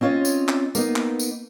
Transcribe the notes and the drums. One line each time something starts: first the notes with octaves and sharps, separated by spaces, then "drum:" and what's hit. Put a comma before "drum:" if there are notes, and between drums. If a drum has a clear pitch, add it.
C4 C#4 F4 C#5 D#5
drum: tambourine
drum: clap
A#3 B3 D#4, drum: tambourine
drum: clap
drum: tambourine